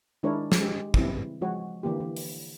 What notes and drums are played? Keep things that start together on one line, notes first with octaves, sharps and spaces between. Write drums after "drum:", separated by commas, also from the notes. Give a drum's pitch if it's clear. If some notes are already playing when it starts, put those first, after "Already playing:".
D#3 G#3 D4 E4 A#4 C#5
drum: snare
G#3 G4
C#3 E3 G3 C4 E4, drum: kick
F3 G#3 F#4 C#5
D3 E3 A#3 G4
E3
drum: open hi-hat